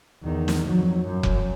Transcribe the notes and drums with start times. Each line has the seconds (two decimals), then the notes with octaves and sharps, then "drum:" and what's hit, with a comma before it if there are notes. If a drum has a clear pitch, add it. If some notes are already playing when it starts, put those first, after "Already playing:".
0.23 E2 D#3
0.48 drum: snare
0.65 F2 F#3
1.06 F#2
1.23 drum: kick F1